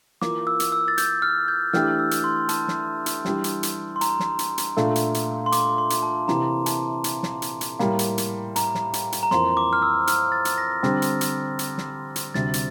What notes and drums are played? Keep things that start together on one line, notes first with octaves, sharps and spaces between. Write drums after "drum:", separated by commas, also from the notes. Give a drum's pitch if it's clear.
E3 A#3 F4 A#4 D6, drum: snare
E6
drum: hi-hat
E6
A6
G6, drum: hi-hat
F6
G6
E3 A3 D4 G4 F6, drum: snare
E6
drum: hi-hat
C6
A5, drum: hi-hat
drum: snare
drum: hi-hat
E3 G3 D4 G4, drum: snare
drum: hi-hat
drum: hi-hat
C6
A#5, drum: hi-hat
drum: snare
drum: hi-hat
drum: hi-hat
A#2 A3 D4 A4, drum: snare
drum: hi-hat
drum: hi-hat
C6
D6, drum: hi-hat
C6
drum: hi-hat
A5
C3 E3 A#3 E4 G4 A#5, drum: snare
A5, drum: hi-hat
drum: hi-hat
drum: snare
drum: hi-hat
drum: hi-hat
A2 G3 A#3, drum: snare
drum: hi-hat
drum: hi-hat
A#5, drum: hi-hat
drum: snare
drum: hi-hat
drum: hi-hat
A#5
F2 E3 A#3 C6, drum: snare
D6
F6
E6
F6, drum: hi-hat
A6
drum: hi-hat
A#6
D3 G3 C4, drum: snare
drum: hi-hat
drum: hi-hat
drum: hi-hat
drum: snare
drum: hi-hat
D2 C3 G3 A6, drum: snare
drum: hi-hat